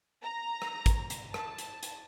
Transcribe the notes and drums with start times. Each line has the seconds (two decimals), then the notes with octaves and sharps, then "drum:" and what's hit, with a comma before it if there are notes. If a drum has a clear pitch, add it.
0.21 A#5
0.62 drum: rim click
0.86 drum: kick, hi-hat
1.10 drum: hi-hat
1.34 A5, drum: rim click
1.58 drum: hi-hat
1.83 drum: hi-hat